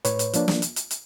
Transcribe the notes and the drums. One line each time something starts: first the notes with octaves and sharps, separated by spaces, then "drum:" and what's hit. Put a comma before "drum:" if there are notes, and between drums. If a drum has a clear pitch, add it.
A2 B4 C#5, drum: hi-hat
drum: hi-hat
F3 A#3 D4, drum: hi-hat
drum: snare
drum: hi-hat
drum: hi-hat
drum: hi-hat